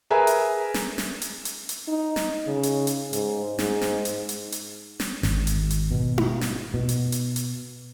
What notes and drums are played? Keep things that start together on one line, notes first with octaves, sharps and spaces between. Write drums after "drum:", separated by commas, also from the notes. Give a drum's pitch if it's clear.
G#4 A#4 B4 E5 G#5 A#5
drum: hi-hat
drum: snare
drum: snare
drum: hi-hat
drum: hi-hat
drum: hi-hat
D#4
drum: snare
C#3
drum: hi-hat
drum: hi-hat
G#2, drum: hi-hat
G#2, drum: snare
drum: snare
drum: hi-hat
drum: hi-hat
drum: hi-hat
drum: snare
G#1, drum: snare
drum: hi-hat
drum: hi-hat
B2
drum: tom D#4
drum: snare
B2
drum: hi-hat
drum: hi-hat
drum: hi-hat